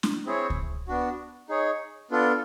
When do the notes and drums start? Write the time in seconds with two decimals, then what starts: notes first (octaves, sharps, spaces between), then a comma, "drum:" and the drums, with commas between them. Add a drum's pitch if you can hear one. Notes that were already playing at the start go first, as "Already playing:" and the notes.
0.03 drum: snare
0.26 C4 E4 G#4 C#5
0.50 drum: kick C#2
0.87 B3 D4 F#4
1.49 D#4 G#4 C#5
2.11 B3 D4 F4 A4